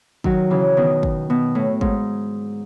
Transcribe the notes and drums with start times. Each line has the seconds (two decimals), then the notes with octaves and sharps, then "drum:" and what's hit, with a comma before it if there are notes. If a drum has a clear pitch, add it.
0.24 D#3 F#3, drum: kick
0.50 C#3 E3
0.77 B2 D#3
1.03 drum: kick
1.30 B2
1.55 A2
1.81 G#2, drum: kick